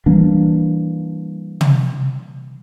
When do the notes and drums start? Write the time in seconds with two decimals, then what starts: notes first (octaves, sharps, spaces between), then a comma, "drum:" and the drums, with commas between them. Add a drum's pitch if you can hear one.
0.06 E3 G3 A#3 D4
1.61 drum: tom